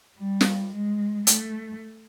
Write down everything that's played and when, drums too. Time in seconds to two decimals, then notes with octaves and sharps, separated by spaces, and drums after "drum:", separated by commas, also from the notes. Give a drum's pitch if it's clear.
0.19 G3
0.41 drum: snare
0.73 G#3
1.27 A3, drum: hi-hat